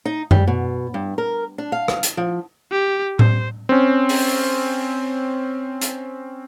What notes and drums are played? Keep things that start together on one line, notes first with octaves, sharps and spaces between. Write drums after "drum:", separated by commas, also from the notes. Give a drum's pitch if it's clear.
D#4
G3, drum: tom F#2
B2
G2
A#4
D4
F5
drum: rim click
drum: hi-hat
F3
G4
C5, drum: tom A2
C4 C#4
drum: open hi-hat
drum: hi-hat